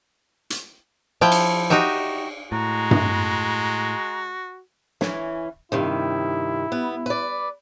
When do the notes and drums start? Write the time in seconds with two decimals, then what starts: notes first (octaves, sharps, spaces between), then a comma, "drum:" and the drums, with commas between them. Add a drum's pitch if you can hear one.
0.50 drum: hi-hat
1.21 F3 E4 G5
1.32 drum: cymbal
1.70 D#4 F#4 G4 E5
2.52 A2 G#3 F#4 A#5
2.91 drum: tom G2
5.01 E3 C#4, drum: snare
5.72 G2 C3 D#3 E4
6.72 B3
7.06 B4 D5